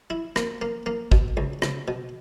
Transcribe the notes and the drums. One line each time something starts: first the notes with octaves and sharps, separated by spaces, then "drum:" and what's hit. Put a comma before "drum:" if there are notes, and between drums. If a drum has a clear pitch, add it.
E4
A#3, drum: rim click
A#3
A#3
B2, drum: kick
C#2
C#2, drum: rim click
B2